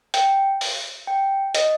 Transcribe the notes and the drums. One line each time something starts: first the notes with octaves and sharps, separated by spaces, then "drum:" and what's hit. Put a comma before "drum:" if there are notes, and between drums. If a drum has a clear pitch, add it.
G5, drum: hi-hat
drum: open hi-hat
G5
D#5, drum: hi-hat